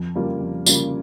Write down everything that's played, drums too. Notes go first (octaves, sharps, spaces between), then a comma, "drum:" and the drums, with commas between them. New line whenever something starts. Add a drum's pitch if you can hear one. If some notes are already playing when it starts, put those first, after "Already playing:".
Already playing: F2
C#3 G3 A#3 F4
F2
C#3 G3 A#3 F4, drum: tambourine